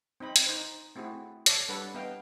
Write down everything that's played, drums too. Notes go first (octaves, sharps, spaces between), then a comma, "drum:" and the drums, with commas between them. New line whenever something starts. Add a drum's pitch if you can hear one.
C4 D#4 D#5 B5
drum: hi-hat
D#4 C5
A3 C4 E4 F#4 G#4
A4 C#5 D5, drum: hi-hat
G3 D4 A4 B4 F#5
B3 B4 D#5 F5 G5